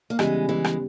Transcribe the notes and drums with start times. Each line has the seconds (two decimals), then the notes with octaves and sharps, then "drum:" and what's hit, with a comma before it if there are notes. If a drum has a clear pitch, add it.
0.10 A#3
0.19 C#3 E3 G3 G#3 B3 G4, drum: rim click
0.49 E3 G#3
0.64 drum: rim click